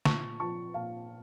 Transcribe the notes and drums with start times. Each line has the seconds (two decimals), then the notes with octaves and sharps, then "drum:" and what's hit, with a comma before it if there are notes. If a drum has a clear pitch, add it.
0.05 A#2 A5 C#6, drum: snare
0.40 F3 A5 C#6
0.74 A#2 F5 A5